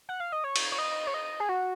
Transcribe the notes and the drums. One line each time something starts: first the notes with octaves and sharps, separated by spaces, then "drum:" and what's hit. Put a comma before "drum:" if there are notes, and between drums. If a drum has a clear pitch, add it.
F#5
F5
D#5
C#5
drum: cymbal
C#5
D#5
C#5
D#5
G#4
F#4